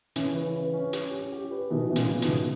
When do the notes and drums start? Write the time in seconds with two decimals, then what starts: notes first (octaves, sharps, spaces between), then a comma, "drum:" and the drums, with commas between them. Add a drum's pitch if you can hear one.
0.16 C#3 E3 C#4, drum: hi-hat
0.35 B4
0.55 B4
0.74 C#4
0.93 G4, drum: hi-hat
1.12 C#4
1.32 G4
1.51 B4
1.70 B2 D#3 E3
1.90 B2 E3
1.96 A#2 C#3, drum: hi-hat
2.09 C#3
2.22 G#2 B2, drum: hi-hat
2.28 C#3